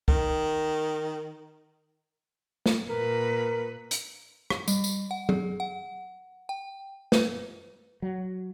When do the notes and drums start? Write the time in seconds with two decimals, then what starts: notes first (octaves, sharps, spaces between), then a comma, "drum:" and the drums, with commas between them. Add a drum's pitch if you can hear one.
0.08 D#3, drum: kick
2.66 drum: snare
2.90 A#2 A#4 B4
3.91 drum: hi-hat
4.50 drum: rim click
4.68 G3, drum: tambourine
4.84 drum: tambourine
5.11 F#5
5.29 G#4, drum: tom F#3
5.60 F#5
6.49 G5
7.12 B4, drum: snare
8.02 F#3